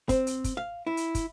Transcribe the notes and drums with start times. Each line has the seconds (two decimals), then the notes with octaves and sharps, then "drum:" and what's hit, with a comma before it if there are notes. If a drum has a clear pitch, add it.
0.09 C4, drum: kick, hi-hat
0.27 drum: hi-hat
0.44 drum: kick, hi-hat
0.57 F5
0.87 E4
0.97 drum: hi-hat
1.15 drum: kick, hi-hat